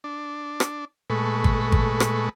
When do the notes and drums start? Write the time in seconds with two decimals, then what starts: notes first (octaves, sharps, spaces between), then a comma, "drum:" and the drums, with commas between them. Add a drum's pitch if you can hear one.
0.04 D4
0.60 drum: rim click
1.10 A#2 G#3 A3 A4 B4 C#6
1.44 drum: kick G#1
1.72 drum: kick G#1
2.00 drum: rim click